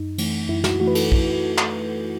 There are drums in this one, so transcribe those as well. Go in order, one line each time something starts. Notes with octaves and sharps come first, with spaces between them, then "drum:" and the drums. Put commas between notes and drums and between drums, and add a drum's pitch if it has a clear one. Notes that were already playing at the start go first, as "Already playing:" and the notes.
Already playing: F#2 D#4
E3 A3, drum: cymbal
F#2 E4
F#4, drum: snare
E3 A3 F#4
B4
A4, drum: cymbal
drum: kick
drum: clap